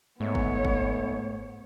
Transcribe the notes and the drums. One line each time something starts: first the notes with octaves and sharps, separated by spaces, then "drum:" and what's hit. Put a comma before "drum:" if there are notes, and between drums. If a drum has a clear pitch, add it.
G#2 A3 B3 C#5
drum: kick F#1
drum: kick F#1